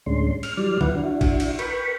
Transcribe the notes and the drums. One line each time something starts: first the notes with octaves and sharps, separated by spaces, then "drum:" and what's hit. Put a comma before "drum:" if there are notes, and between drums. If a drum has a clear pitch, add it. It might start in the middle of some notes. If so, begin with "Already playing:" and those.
D2 A2 G#3 C#4 D4 C6
F6, drum: cymbal
E3 F#3 G3 D5 F6
D2 E3 F#3 E4 B4 F#5, drum: tom D3
D4 E4 F#4
drum: kick, cymbal
drum: cymbal
A#4 B4 G5 B5 C#6, drum: cymbal